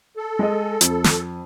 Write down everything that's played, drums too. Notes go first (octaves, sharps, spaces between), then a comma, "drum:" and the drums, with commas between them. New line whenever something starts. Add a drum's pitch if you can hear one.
A4
G#3 G#4 D#5
F2, drum: hi-hat
drum: snare